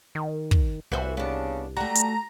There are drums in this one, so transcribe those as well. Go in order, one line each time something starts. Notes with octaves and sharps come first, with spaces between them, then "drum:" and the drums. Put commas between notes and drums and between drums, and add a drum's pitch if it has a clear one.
D#3
drum: kick
C2 E3 F#4 B4 C5
C#3 B3 D4
G3 A3 F#4 A#5
drum: hi-hat